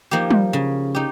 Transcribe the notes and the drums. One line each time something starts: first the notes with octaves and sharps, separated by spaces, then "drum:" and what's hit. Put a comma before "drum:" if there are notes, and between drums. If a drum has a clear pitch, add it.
F3 A#3 D#4 G4
drum: tom
C#3
D#4 G4